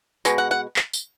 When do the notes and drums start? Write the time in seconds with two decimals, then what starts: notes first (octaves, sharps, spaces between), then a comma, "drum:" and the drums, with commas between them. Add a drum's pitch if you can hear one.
0.25 B2 G#3, drum: tambourine
0.38 F#5
0.51 F#5
0.76 drum: clap
0.93 drum: tambourine